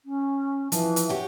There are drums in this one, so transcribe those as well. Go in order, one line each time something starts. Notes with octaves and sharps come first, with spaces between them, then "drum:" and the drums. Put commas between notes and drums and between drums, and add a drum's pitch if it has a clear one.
C#4
E3 F3, drum: hi-hat
drum: hi-hat
F#4 G4 C#5